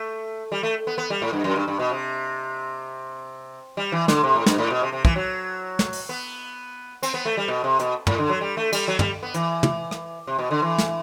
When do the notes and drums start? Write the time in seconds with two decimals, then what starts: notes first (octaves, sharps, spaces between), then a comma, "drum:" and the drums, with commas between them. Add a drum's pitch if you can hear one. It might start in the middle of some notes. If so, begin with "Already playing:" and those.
Already playing: A3
0.52 G3
0.63 A3
0.87 B3
0.98 B3
1.10 G3
1.22 A2
1.33 G2
1.44 F#2
1.56 G2
1.68 G2
1.79 B2
1.91 C3
3.77 G3
3.92 E3
4.08 D3, drum: snare
4.23 C3
4.36 A2
4.46 G2, drum: snare
4.58 A2
4.70 B2
4.82 C3
4.92 C3
5.05 E3, drum: kick
5.16 F#3
5.79 drum: snare
5.93 drum: open hi-hat
6.09 B3
7.03 C4, drum: cymbal
7.14 B3
7.25 A3
7.37 G3
7.48 B2
7.64 C3
7.80 B2, drum: hi-hat
8.07 A2, drum: tom
8.18 D3
8.29 F#3
8.41 G3
8.57 A3
8.72 G3, drum: cymbal
8.88 F#3
8.99 G3, drum: tom
9.23 B3
9.34 E3, drum: hi-hat
9.63 drum: tom
9.91 drum: rim click
10.27 C3
10.39 B2
10.51 D3
10.62 E3
10.78 drum: snare